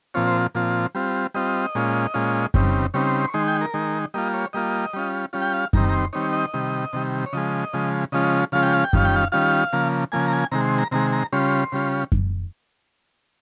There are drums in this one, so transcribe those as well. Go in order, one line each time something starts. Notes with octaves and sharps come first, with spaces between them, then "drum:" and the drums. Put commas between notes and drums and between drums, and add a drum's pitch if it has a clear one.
A#2 F3 C4 F4 C#5
C5
A#2 F3 C4 F4
G3 C4 F4
G3 C4 F4 D#5
A#2 G#3 C#4 F4
A#2 G#3 C#4 F4
C#3 G3 C4 D#4, drum: kick F#2
C#3 G3 C4 D#4 C#6
C6
C6
C#6
D#3 G#3 D#4 C6
G5
A#4
D#3 G#3 D#4
G3 A#3 F4 D#5
C#5
G3 A#3 F4 D#5
G3 C#4 F4
G3 C#4 F4
G5
F5
D#3 G3 C4 D#4 A#5, drum: kick F#2
A#5
C6
D#3 G3 C4 D#4 C#5
D#5
C3 D#3 G3
C3 D#3 G3
C#5
C#3 F3 G#3 D#5
C#3 F3 G#3
C#3 F3 G#3 C#4 F4 D#5
C#3 F3 G#3 C#4 F4 F5
G5
F5
G5
D#3 G3 C#4 F4 F5, drum: kick F#2
G5
F5
D#3 G3 C#4 F4 F5
C#3 F3 A#3
C#3 F3 A#3 G#5
A#5
G#5
C3 D#3 G#3 A#5
C6
A#5
C3 D#3 G#3 A#5
A#5
C#3 G3 C#4 F4 C6
C#3 G3 C#4 F4
drum: kick F#2